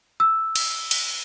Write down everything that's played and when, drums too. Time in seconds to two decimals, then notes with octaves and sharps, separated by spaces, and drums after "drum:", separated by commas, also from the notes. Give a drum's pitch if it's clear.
0.20 E6
0.56 drum: cymbal
0.91 drum: cymbal